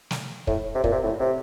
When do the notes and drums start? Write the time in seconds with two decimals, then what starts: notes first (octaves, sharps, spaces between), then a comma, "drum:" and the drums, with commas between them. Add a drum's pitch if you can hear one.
0.11 drum: snare
0.47 A2, drum: kick
0.75 C3
0.84 A#2, drum: kick
0.93 C3
1.04 A2
1.20 C3